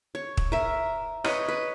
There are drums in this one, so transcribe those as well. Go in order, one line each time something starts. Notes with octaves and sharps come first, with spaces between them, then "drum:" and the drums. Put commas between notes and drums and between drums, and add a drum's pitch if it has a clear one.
C#5
drum: kick
A#4 E5
B4 C#5 D#5, drum: rim click
B4